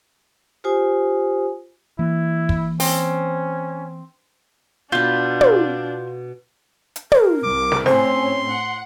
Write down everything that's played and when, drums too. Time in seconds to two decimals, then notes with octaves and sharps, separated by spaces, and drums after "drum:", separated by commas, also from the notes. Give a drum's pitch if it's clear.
0.64 F4 G4 C5 G#5 D#6
1.99 E3 A#3 E4
2.49 drum: kick
2.80 C4 C#4, drum: open hi-hat
4.92 B2 D4 F4 B5 G6
5.41 drum: tom
6.96 drum: hi-hat
7.12 A#4, drum: tom
7.44 C2 D6
7.72 drum: snare
7.86 A2 C4 C#4 C5 C6, drum: snare
8.51 F#5